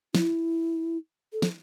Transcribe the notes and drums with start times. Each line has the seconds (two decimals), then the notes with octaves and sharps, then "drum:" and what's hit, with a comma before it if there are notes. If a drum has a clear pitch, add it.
0.15 E4, drum: snare
1.33 A4
1.42 drum: snare